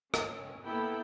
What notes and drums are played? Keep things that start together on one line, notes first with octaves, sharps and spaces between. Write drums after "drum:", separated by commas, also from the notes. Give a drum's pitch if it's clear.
C#4, drum: rim click
A#3 B3 E4 A4 G5